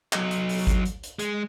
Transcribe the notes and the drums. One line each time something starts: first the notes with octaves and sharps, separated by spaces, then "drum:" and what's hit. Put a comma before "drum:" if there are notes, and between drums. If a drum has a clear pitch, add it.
F#3 D#5, drum: clap
drum: hi-hat
drum: open hi-hat
drum: kick G#1, hi-hat
drum: hi-hat
drum: hi-hat
G#3, drum: hi-hat